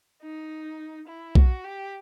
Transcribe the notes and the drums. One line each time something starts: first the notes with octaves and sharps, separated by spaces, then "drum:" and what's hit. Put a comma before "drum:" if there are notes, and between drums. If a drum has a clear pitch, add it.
D#4
E4
F#4, drum: kick B1
G4